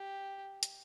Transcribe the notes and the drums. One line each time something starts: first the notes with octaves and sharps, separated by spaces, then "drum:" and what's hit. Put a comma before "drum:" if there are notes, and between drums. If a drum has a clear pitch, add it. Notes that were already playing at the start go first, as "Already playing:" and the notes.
Already playing: G4
drum: hi-hat